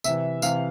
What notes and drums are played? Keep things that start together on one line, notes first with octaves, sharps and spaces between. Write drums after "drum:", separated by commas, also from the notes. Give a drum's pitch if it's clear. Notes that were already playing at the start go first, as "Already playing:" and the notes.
C3 E3 E5, drum: tambourine
C3 E3 F5, drum: tambourine